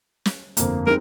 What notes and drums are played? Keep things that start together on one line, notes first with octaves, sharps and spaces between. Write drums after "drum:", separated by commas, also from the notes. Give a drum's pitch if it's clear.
drum: snare
G1 F2 A#3, drum: hi-hat
G#3 C4 D#4 A#4